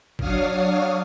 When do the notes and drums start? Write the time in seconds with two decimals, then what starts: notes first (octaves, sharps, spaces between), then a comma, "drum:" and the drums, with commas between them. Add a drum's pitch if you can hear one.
0.19 F#3 D4 C#5 F5 D#6 F6, drum: kick G1